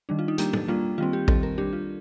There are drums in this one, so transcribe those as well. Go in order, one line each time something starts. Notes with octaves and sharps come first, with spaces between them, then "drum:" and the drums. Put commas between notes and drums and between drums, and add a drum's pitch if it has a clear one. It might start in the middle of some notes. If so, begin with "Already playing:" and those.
D#3 G3 D4
F4
D#4
G3 A#3 D4 G4, drum: hi-hat
A4, drum: tom
G3 A#3 D4 F4
D#3 G3 C4 F4
G4
D#3 G3 C4 A4, drum: kick A1
A#4
G3 D4 G4
F4